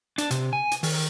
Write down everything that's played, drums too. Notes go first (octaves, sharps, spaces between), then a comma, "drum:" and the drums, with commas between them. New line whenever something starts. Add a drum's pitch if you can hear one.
D4, drum: hi-hat
C3, drum: hi-hat
G#5
drum: hi-hat
D#3, drum: open hi-hat